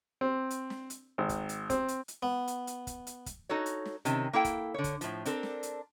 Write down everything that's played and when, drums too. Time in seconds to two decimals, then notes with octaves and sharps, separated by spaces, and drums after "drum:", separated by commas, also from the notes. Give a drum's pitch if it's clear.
0.21 C4
0.50 drum: hi-hat
0.70 drum: snare
0.90 drum: hi-hat
1.18 G#1
1.29 drum: kick, hi-hat
1.49 drum: hi-hat
1.70 C4, drum: kick, hi-hat
1.88 drum: hi-hat
2.08 drum: hi-hat
2.23 B3
2.48 drum: hi-hat
2.67 drum: hi-hat
2.87 drum: kick, hi-hat
3.07 drum: hi-hat
3.26 drum: kick, hi-hat
3.49 D#4 F#4 A4 C#5
3.66 drum: hi-hat
3.85 drum: snare
4.05 C3 D#3 C#4, drum: hi-hat
4.33 A#3 E4 A4 G5
4.45 drum: kick, hi-hat
4.74 D3 C#5
4.84 drum: kick, hi-hat
5.01 A2 F3, drum: hi-hat
5.25 C4 D4 A4 A#4, drum: hi-hat
5.43 drum: snare
5.63 drum: hi-hat